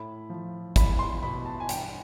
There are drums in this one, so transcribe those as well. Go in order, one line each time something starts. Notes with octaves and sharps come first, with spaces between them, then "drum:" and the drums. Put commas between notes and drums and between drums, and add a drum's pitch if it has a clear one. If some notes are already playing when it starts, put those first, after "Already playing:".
Already playing: A2 B5
F3
E2 B5, drum: kick, hi-hat
C6
B2 B5
A5
G#5
G2 G5, drum: hi-hat